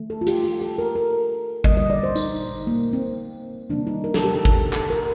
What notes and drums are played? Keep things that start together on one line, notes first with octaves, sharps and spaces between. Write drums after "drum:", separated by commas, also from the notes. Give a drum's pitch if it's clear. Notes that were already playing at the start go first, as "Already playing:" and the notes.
Already playing: D#3 A3
A4
F4
G4, drum: hi-hat
G4
A4
A#4
A#4
D3 G3 A#3 D#5, drum: kick G#1
D#5
D5
C5
D#4, drum: tambourine
A#3
C4
C3 D#3 G3 A#3 D4
D#4
A#4
A4, drum: snare
G4
A4
drum: kick G#1
A4, drum: clap
A#4